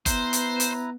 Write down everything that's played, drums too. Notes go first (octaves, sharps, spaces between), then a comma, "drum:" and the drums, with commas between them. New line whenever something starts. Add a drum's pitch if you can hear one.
B3 E4 B4 C5 A#5, drum: kick G1, hi-hat
drum: hi-hat
drum: hi-hat